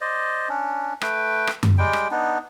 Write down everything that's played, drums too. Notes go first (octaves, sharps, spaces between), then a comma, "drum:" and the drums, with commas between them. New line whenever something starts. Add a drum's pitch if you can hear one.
C5 D5 D#5
C#4 D4
A3 B4 G5, drum: rim click
drum: rim click
drum: tom F#2
G3 G#3 G5
drum: rim click
B3 D4 D#4